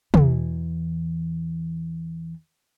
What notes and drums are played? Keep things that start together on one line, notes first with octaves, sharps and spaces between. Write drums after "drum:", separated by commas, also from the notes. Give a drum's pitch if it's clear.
E2 E3, drum: tom